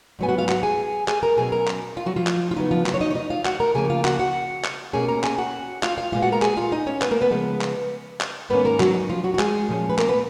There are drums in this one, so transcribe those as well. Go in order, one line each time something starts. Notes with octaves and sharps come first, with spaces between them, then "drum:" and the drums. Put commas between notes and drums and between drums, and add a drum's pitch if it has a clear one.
G#2 F#3 B3 G#5
F#4 F#5
F4 F5
F#4 F#5, drum: clap
G#4 G#5
G#4 G#5, drum: clap
A#4 A#5
B2 F#3 C#4 G#4 G#5
A#4 A#5
drum: clap
F4 F5
F#3 F#4
F3 F4
drum: clap
F4
C#3 F#3 B3 D#4
F3 F4
F#3 F#4, drum: clap
C#5
D#4 D#5
C#5
D#4 D#5
F4 F5
F#4 F#5, drum: clap
A#4 A#5
C#3 F3 A#3 G#4 G#5
F4 F5
F#4 F#5, drum: clap
F#4 F#5
drum: clap
B2 A#3 C#4 G#4 G#5
A#4 A#5
G#4 G#5, drum: clap
F#4 F#5
F4 F5, drum: clap
F4 F5
A#2 G#3 B3 F4 F5
F#4 F#5
A#4 A#5
G#4 G#5, drum: clap
F4 F5
D#4 D#5
C#4 C#5
B3 B4, drum: clap
A#3 A#4
B3 B4
C#3 F3 G#3 B3
drum: clap
drum: clap
G#2 D#3 A#3 B3 C#4 B4
A#3 A#4
F#3 F#4, drum: clap
D#4
F3 F4
F#3 F#4
F#4
G#3 G#4, drum: clap
A#2 F3 G#3 C#4
B4
A#3 A#4, drum: clap
B3 B4